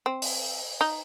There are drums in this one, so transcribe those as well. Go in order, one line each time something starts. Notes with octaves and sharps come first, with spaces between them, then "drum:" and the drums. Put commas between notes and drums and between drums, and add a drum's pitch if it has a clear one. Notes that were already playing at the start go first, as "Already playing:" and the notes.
C4
drum: open hi-hat
D#4